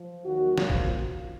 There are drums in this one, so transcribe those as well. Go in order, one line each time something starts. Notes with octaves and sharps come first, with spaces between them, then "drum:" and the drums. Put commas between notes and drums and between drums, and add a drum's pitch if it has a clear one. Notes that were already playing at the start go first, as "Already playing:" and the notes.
Already playing: F3
D#2 D#3 F#3 F#4
A#2 F3 F4, drum: snare
drum: kick A#1